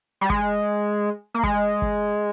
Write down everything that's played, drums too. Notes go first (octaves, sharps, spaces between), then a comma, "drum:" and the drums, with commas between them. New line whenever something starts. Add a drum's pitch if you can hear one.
G3
G#3, drum: kick
A#3
G#3, drum: kick
drum: kick